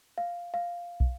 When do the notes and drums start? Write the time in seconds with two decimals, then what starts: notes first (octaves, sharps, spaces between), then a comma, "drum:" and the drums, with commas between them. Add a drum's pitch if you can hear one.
0.18 F5
0.54 F5
1.00 drum: kick